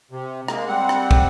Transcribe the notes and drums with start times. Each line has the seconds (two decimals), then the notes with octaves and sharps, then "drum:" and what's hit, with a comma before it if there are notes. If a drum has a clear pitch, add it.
0.11 C3
0.48 G#3 A#3, drum: rim click
0.68 G3 C4 F#5
0.89 drum: rim click
1.11 drum: kick